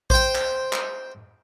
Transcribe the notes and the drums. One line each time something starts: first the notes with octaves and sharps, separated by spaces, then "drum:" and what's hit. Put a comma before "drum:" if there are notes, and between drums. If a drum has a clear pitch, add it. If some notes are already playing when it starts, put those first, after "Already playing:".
C5 G5, drum: kick A#1
drum: clap
drum: clap